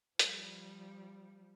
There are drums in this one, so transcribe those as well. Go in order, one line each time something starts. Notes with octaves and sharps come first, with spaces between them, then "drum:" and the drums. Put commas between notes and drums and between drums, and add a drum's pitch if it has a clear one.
F3 G3, drum: hi-hat